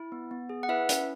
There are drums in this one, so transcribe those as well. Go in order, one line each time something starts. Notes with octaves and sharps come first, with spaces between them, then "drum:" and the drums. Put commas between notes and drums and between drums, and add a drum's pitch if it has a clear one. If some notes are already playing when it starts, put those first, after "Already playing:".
Already playing: E4
B3
B3
G#4
F#5
E4 B4 E5
C#4, drum: hi-hat